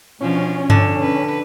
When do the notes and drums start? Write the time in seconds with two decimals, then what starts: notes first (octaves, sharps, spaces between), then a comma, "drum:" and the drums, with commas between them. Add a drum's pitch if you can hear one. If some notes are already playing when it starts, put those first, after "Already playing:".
0.21 B2 F3 C#4 D4
0.70 D3, drum: tom G2
1.01 B4